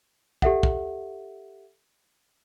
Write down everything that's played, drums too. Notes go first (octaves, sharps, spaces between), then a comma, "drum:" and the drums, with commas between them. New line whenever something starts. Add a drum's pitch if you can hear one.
G4 A4 E5 F#5, drum: kick
drum: kick